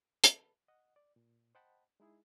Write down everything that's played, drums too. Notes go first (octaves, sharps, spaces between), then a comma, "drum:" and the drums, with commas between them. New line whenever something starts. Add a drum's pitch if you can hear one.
A4 B4 A5 B5, drum: hi-hat
D#5 F#5
D5
A#2
C5 D#5 F#5 G5 A5 B5
G#3 D#4 E4 G#4